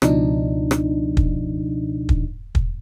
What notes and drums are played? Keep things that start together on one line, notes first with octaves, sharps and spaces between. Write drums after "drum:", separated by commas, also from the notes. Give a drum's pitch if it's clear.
C#2 B2 F3 D4 D#4, drum: rim click
drum: rim click
drum: kick
drum: kick
drum: kick